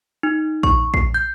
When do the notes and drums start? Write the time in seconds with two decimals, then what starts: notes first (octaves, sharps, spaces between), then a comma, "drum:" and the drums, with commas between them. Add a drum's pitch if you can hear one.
0.23 D#4
0.63 C#6, drum: kick A#1
0.94 C7, drum: kick A#1
1.14 G6